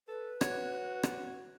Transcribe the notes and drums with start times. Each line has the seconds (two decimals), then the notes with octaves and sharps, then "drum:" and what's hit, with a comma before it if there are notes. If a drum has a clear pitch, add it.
0.08 A4 B4
0.41 F#4 C#5, drum: rim click
1.03 drum: rim click